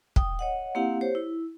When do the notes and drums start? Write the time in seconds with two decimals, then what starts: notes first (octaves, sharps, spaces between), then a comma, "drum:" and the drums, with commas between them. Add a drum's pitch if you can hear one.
0.16 G5 D#6, drum: kick
0.39 C#5 D#5 F#5
0.75 A#3 C4 E4 G4 F5 F#5
1.01 G4 C5 C#5
1.15 E4